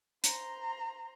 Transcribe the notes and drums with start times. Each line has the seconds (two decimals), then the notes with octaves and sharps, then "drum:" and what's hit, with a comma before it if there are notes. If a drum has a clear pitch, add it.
0.24 C5 A#5, drum: hi-hat